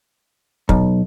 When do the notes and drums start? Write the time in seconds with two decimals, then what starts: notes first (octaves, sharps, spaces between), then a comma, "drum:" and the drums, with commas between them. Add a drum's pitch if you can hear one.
0.69 B1, drum: kick